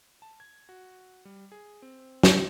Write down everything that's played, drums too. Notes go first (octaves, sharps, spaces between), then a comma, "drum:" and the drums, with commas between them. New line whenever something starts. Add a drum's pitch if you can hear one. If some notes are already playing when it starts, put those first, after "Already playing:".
A5
G#6
F#4
G3
G#4
C4
drum: snare